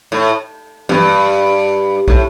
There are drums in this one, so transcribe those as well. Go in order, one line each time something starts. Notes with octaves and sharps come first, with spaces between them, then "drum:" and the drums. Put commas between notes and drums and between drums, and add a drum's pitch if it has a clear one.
A2
G2, drum: tom E3
A2, drum: kick